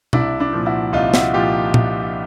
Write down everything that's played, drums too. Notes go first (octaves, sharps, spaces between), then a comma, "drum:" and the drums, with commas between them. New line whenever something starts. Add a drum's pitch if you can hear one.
C2 D4 E4, drum: tom
D4 E4
A#2 F3
E4 F#4
C2 D#4 F4
E4 F#4, drum: snare
A#2 F3 F4 G4
drum: tom